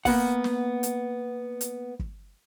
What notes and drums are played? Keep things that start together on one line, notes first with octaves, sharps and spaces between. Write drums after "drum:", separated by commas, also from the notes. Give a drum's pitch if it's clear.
A#3 B3 F#5, drum: kick, open hi-hat
drum: snare
drum: hi-hat
drum: hi-hat
drum: kick